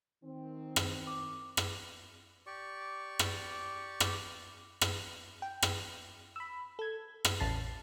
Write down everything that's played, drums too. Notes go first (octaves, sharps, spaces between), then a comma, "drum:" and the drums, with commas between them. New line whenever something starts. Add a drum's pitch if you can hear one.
D#3 C4
drum: rim click
D6
drum: rim click
G4 D5 C#6
drum: rim click
drum: rim click
drum: rim click
G5
drum: rim click
B5 E6
A4 G#6
drum: rim click
A1 E2 C#4 A5 A6 C7